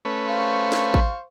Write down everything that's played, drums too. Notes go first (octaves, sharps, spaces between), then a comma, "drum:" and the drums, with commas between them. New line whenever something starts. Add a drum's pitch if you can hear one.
A3 C#4 B4
C5 F5 C#6
drum: snare
drum: kick A1